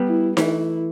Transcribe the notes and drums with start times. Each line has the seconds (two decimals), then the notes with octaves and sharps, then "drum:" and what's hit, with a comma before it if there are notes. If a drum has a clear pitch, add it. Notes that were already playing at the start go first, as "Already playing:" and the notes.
Already playing: G3 B3
0.08 E4
0.37 E3 A3 E4, drum: snare D#4